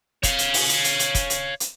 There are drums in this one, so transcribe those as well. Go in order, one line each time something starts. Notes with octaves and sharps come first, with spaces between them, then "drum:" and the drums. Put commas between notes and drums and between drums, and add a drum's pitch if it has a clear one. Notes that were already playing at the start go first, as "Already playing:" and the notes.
C#5 F5, drum: kick, hi-hat
drum: hi-hat
drum: open hi-hat
drum: hi-hat
drum: hi-hat
drum: hi-hat
drum: kick, hi-hat
drum: hi-hat
drum: hi-hat